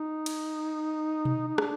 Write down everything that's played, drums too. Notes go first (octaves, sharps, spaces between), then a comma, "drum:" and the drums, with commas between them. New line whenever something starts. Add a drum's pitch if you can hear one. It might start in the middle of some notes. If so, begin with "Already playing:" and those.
Already playing: D#4
drum: cymbal
drum: tom B2
D#4
D4, drum: rim click